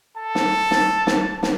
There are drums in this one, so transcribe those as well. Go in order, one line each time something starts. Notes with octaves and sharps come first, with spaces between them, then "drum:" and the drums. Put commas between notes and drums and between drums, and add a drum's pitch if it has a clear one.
A4 A5
drum: snare
drum: snare
drum: snare
drum: snare